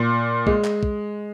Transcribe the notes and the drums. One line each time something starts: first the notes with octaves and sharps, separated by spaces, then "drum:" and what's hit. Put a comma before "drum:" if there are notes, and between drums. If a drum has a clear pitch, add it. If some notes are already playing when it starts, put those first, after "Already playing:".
Already playing: A#2
G#3, drum: kick
drum: clap
drum: kick